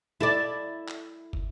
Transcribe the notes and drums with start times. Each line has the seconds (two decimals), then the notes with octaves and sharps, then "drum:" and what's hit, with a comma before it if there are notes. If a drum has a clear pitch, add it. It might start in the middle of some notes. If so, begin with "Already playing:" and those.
0.20 E4 A4 D5
0.88 drum: clap
1.33 drum: kick